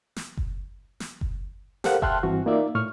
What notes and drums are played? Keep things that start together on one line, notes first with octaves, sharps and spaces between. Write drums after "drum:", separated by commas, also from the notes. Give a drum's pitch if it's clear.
drum: snare
drum: kick F#1
drum: snare
drum: kick F#1
G4 A4 A#4 C5 F5 F#5, drum: snare
E5 G5 A5 C6 F6 F#6, drum: kick F#1
G2 E3 C4 F#4
A#3 D#4 F4 D5 E5
A2 C#6 F6